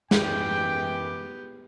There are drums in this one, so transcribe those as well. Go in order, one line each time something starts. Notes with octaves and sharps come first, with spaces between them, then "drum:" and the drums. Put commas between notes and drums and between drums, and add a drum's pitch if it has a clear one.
F#2 E3 B3 G4 G5 D6, drum: snare